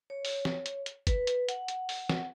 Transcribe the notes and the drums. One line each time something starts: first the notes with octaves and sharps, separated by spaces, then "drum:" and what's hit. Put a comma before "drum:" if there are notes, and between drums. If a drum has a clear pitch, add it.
C#5
drum: open hi-hat
drum: snare
drum: hi-hat
drum: hi-hat
B4, drum: kick, hi-hat
drum: hi-hat
F#5, drum: hi-hat
drum: hi-hat
drum: open hi-hat
drum: snare